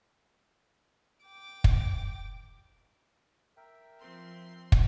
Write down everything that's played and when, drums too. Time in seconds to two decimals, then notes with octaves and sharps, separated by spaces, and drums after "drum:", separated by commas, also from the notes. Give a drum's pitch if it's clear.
1.25 G5 D6
1.64 drum: kick
3.57 A#4 E5 G5
3.99 F3 C4 C6
4.72 drum: kick